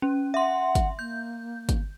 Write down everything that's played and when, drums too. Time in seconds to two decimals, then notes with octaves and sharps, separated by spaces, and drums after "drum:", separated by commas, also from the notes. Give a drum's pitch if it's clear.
0.02 C#4
0.34 E5 F#5 C6
0.75 drum: kick, hi-hat
0.99 A#3 G6
1.69 drum: kick, hi-hat